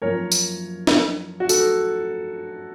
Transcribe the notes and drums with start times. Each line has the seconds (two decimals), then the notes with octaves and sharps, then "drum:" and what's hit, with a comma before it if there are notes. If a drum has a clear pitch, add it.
0.02 F#2 F3 A#3 A#4 C#5
0.32 drum: tambourine
0.87 drum: snare D4
1.40 F#4
1.49 A4, drum: tambourine